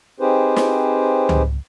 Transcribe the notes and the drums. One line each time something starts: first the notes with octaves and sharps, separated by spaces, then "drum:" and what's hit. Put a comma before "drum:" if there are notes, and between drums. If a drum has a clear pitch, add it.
C4 D#4 G4 G#4 B4 C5
drum: snare
drum: tom C#2